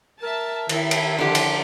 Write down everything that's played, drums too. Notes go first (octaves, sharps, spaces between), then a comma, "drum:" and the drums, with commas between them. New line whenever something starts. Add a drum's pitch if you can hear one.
A#4 E5 A5
D#3 E4, drum: cymbal
drum: cymbal
D3 F3 F4 G4
drum: cymbal